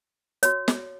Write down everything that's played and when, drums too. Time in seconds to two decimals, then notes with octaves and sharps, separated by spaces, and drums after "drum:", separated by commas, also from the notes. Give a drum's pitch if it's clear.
0.43 F#4 C#5, drum: hi-hat
0.68 drum: snare